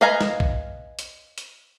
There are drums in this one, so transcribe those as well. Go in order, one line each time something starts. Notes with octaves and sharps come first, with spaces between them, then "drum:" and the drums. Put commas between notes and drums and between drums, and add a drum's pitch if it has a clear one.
B4 D#5 F5 G#5 A#5
drum: snare
drum: kick A#1
drum: hi-hat
drum: hi-hat